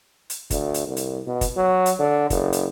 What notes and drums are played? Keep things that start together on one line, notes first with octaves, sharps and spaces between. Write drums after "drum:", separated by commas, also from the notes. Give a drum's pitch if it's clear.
drum: hi-hat
D2, drum: kick, hi-hat
drum: hi-hat
C2
drum: hi-hat
B2
drum: kick, hi-hat
F#3
drum: hi-hat
D3
F#1, drum: kick, hi-hat
drum: hi-hat